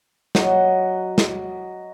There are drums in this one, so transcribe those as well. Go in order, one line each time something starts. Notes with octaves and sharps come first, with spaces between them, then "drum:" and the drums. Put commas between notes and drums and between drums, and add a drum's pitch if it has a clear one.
F#3 D#5 F#5, drum: snare
drum: snare